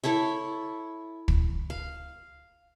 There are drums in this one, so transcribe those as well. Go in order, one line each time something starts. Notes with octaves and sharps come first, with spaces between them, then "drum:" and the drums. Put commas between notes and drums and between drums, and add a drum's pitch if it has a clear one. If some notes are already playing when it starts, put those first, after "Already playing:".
E4 A4 C#5 E5
drum: kick
F5